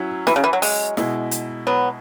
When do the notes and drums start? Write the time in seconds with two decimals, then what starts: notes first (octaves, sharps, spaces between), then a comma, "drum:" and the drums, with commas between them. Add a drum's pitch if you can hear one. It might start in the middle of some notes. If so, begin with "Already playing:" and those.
Already playing: F#3 C#4 E4
0.27 E3, drum: snare
0.36 C#3
0.44 E3
0.53 F#3
0.62 G#3, drum: open hi-hat
0.97 B2 G#3 E4, drum: snare
1.31 drum: hi-hat
1.67 F#3 B3